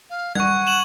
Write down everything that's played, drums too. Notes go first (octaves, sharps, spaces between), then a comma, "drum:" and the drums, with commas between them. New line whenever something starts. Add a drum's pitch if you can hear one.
F5
F#5 C#6 G#6, drum: tom G3
E7 F#7